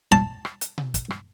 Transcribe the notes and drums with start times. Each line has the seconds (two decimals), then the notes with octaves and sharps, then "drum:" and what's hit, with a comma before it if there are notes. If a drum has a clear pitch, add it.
0.12 A5, drum: rim click
0.45 drum: rim click
0.61 drum: hi-hat
0.78 drum: tom B2
0.94 drum: kick, hi-hat
1.10 drum: rim click